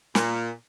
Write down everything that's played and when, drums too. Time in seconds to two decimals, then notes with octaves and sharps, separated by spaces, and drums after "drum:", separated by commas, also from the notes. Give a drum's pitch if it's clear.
0.15 A#2, drum: snare